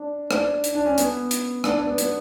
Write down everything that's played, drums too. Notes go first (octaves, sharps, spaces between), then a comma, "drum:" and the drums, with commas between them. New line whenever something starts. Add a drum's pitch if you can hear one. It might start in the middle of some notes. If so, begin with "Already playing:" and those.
Already playing: D4
D4, drum: rim click
drum: hi-hat
D4
C#4
B3, drum: hi-hat
drum: hi-hat
D4, drum: rim click
D4
B3
B3, drum: hi-hat